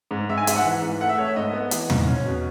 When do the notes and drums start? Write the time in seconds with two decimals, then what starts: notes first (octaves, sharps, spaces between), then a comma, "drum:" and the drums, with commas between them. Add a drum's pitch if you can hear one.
0.11 G#2
0.29 G#2 E5
0.37 G#5
0.47 G#2 E5, drum: hi-hat
0.56 F#5
0.64 E3
0.82 G#2
1.01 A3 F#5
1.09 E5
1.18 A3 C#5
1.27 E5
1.36 G#2 D#5
1.53 B3
1.71 E3, drum: hi-hat
1.90 G#2, drum: tom
2.07 C#4
2.25 B2